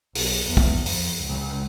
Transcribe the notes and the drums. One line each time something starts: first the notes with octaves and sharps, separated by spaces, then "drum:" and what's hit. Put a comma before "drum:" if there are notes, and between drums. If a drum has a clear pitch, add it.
B1, drum: open hi-hat
E2
drum: kick
F2, drum: open hi-hat
C#2